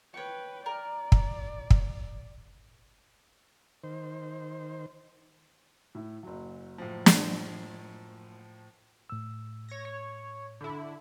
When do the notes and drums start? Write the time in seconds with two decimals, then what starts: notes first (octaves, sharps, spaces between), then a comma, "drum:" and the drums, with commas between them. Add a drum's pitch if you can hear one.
0.14 B4 C#5 G5 C#6
0.66 A#4 D5
1.12 drum: kick
1.70 drum: kick
3.83 D#3 C5
5.95 A2 E4
6.23 F#1 F#3
6.78 A2 F3
7.06 drum: snare
9.10 A2 E6
9.69 C#5 G#6 A#6
9.85 C#5
10.61 D3 E4